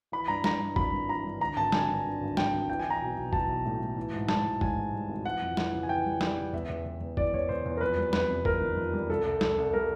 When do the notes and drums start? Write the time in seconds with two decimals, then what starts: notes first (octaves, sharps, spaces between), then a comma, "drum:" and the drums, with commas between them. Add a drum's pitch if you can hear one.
0.12 E3 B5
0.28 G2 A#5
0.44 G2 A#5, drum: snare
0.60 G2
0.76 G#1 B5, drum: kick
0.92 G2
1.09 E3 A#5
1.24 G2
1.40 D3 A#5
1.57 G#1 A5
1.72 D3 G#5, drum: snare
1.89 G2
2.05 D3
2.21 G#1
2.37 G#1 G5, drum: snare
2.54 G#1
2.69 E3 G5
2.80 E3 G#5
2.90 A#5
3.02 B1
3.16 B1
3.33 E3 A5, drum: kick
3.49 B1
3.65 A2
3.80 A2
3.97 E3
4.13 G#2
4.29 G#2 A5, drum: snare
4.46 E3
4.61 G#2 G#5, drum: kick
4.77 E3
4.93 G3
5.09 G#1
5.25 E3 F#5
5.42 F2
5.57 E3, drum: snare
5.73 C#3
5.83 G#5
5.89 E3 G5
6.06 G3
6.21 G3, drum: snare
6.38 C#3
6.53 E2 E5
6.69 E2
6.85 E2
7.01 E2
7.17 E3 D5, drum: kick
7.34 E2 C#5
7.49 E2 C5
7.66 E2
7.77 A#4
7.81 F2 B4
7.97 G3
8.13 C3 B4, drum: snare
8.30 C3
8.45 F2 A#4, drum: kick
8.61 D#3
8.77 F2
8.93 G3
9.10 C2 A4
9.25 C2
9.41 C2 A4, drum: snare
9.58 C2
9.73 G3 A#4